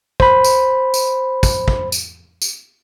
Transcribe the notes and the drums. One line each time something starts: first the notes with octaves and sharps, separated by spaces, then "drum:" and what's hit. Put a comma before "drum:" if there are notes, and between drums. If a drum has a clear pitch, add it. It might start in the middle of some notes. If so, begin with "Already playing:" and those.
C5 B5, drum: kick
drum: tambourine
drum: tambourine
drum: kick, tambourine
drum: kick
drum: tambourine
drum: tambourine